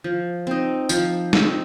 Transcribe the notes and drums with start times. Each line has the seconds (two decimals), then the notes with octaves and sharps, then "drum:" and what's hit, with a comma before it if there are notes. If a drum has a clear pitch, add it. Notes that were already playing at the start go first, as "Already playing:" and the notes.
0.04 F3
0.47 C4 D#4
0.89 F3, drum: tambourine
1.33 C4 D#4, drum: snare G3